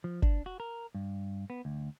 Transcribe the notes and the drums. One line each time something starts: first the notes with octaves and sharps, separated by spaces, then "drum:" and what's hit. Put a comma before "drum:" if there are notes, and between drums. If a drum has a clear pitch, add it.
F3
D4, drum: kick G1
F#4
A#4
G2
B3
D2